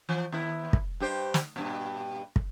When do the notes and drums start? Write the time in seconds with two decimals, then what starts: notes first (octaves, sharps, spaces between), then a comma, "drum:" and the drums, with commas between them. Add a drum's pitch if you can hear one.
0.09 E3 F3
0.32 D#2 E4 B4
0.73 drum: kick
1.00 G2 G4 C5
1.34 drum: snare
1.56 G2 A#2
2.36 drum: kick